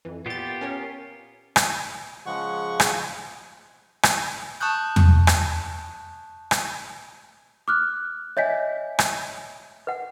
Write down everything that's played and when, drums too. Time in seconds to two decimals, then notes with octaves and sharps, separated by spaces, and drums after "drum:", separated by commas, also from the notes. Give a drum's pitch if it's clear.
0.05 F2 E3
0.26 A#2 B3 F4 G4 A6
0.61 C#4 A#4 C#5
1.56 drum: rim click
2.26 C#3 F3 G#3 F#5 C#6
2.80 drum: rim click
4.03 drum: rim click
4.61 A5 C#6 D#6 F#6 G6
4.96 drum: tom E2
5.27 drum: rim click
6.51 drum: rim click
7.68 D6 F6 F#6
8.37 C#5 D#5 E5 G#5 G6 B6
8.99 drum: rim click
9.87 B4 F#5